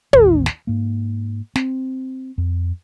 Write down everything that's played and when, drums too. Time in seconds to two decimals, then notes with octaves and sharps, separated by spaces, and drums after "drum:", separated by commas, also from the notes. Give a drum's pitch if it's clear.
0.13 A1 D#2, drum: tom
0.46 drum: snare
0.67 G#2 A#3
1.56 C4, drum: snare
2.38 F2